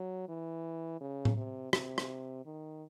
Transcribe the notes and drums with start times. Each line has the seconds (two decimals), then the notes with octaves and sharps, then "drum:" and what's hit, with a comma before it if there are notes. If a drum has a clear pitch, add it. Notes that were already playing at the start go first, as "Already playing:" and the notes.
Already playing: F#3
0.29 E3
1.01 C#3
1.25 drum: tom A2
1.37 C3
1.73 C3, drum: rim click
1.98 drum: rim click
2.46 D#3